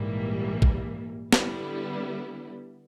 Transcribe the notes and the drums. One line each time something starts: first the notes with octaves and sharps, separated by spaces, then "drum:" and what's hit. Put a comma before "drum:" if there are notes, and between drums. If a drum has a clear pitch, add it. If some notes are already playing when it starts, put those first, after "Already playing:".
Already playing: A#1 G#2 E3 G3 A#3
drum: kick A1
D3 G3 B3 E4, drum: snare